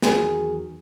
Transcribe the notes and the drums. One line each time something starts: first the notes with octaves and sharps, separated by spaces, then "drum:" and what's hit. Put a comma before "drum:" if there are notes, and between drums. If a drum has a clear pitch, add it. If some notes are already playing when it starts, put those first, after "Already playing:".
E2 D#3 F#3 G#4, drum: snare